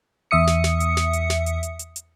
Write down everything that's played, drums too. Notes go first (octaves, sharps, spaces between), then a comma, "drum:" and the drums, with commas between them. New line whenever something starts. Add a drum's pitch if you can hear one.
E2 E5 D#6 C#7
drum: snare
drum: snare
drum: hi-hat
drum: snare
drum: hi-hat
drum: snare
drum: hi-hat
drum: hi-hat
drum: hi-hat
drum: hi-hat